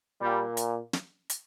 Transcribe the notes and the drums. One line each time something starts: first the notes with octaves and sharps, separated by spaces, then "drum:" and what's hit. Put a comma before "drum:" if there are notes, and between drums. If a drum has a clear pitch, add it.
A#2 G3
drum: hi-hat
drum: snare
drum: hi-hat